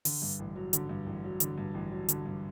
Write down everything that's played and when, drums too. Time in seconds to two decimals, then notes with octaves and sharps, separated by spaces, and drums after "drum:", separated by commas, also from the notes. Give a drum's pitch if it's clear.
0.05 D3, drum: open hi-hat
0.22 G2
0.39 A1
0.56 F#3
0.73 D3, drum: hi-hat
0.89 G2
1.06 A1
1.24 F#3
1.40 D3, drum: hi-hat
1.58 G2
1.74 A1
1.92 F#3
2.09 D3, drum: hi-hat
2.26 G2